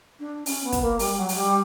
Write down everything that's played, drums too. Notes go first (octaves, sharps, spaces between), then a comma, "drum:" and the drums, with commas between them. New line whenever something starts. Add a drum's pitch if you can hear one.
D4
C#4, drum: open hi-hat
B3
drum: kick, hi-hat
A#3
G3, drum: open hi-hat
F#3
F#3, drum: open hi-hat
G3